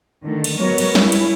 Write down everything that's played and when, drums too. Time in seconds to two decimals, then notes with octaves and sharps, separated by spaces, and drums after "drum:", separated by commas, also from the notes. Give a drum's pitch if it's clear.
0.24 D3 D#3 A3
0.44 drum: cymbal
0.58 F#3 G#3 B3 F#4 A#4 C#5
0.78 drum: cymbal
0.95 G3 C#4 E4, drum: snare
1.12 drum: cymbal